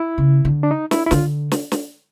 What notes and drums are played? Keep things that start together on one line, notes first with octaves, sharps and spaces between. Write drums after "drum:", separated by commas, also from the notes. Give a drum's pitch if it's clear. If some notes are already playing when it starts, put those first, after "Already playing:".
Already playing: E4
C#3
D3
D4
D#4
E4, drum: snare
E4
D3 F4, drum: snare
drum: snare
drum: snare